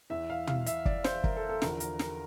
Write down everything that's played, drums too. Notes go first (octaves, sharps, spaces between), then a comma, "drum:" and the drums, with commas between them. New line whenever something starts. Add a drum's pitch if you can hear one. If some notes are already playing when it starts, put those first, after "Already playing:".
E2 E3 E5
F5
F5, drum: tom
E5, drum: hi-hat
D5, drum: kick
C5, drum: snare
A#4, drum: kick
A4
A4
E2 D3 F3 A#4, drum: snare
A#4, drum: hi-hat
A#4, drum: snare